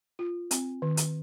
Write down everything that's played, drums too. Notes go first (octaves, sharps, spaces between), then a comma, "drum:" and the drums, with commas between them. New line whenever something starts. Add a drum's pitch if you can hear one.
F4
C4, drum: hi-hat
D#3
drum: hi-hat